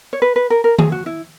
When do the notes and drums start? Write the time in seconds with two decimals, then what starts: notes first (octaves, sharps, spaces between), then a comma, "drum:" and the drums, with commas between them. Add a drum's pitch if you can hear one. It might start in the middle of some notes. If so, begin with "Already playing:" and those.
0.13 C#5
0.22 B4
0.36 B4
0.50 A#4
0.64 A#4
0.78 G#4, drum: tom D#3
0.92 F#4
1.06 E4